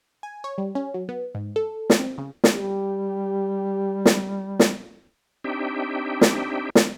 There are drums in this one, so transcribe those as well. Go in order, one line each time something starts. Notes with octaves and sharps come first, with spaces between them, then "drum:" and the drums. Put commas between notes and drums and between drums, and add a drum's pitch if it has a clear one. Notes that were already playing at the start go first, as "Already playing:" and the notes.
G#5
C#5
G3
C#4
F#3
B3
G#2
A4
drum: snare
C4
C#3
drum: snare
G3 G4
drum: snare
drum: snare
C4 D4 D#4 G4 E5 G5
drum: snare
drum: snare